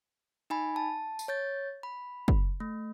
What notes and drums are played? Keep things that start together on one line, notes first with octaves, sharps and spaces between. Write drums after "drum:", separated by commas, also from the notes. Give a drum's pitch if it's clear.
D#4 G#5 B5
A5
drum: tambourine
C#5 G6 A6
B5
drum: kick
A3